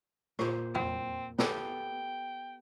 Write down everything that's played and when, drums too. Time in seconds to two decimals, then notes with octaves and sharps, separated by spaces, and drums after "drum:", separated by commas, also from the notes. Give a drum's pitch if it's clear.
0.39 A#2 C5, drum: rim click
0.75 C4, drum: tom E2
1.38 B3 G4 A4 G5, drum: snare